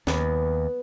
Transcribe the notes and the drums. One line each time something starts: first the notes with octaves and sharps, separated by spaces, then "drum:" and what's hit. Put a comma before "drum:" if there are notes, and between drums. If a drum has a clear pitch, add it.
D#2 B3, drum: snare